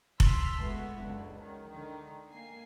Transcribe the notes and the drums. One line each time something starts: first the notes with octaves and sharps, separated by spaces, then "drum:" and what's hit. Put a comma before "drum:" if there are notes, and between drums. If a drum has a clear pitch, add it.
A5 B5 C6 E6 F6 B6, drum: kick F1
G#3 A3 B3 E4 F#4
C#2 F#2 D3
D#3 F#3
D3 D#3
A#3 G#5 C7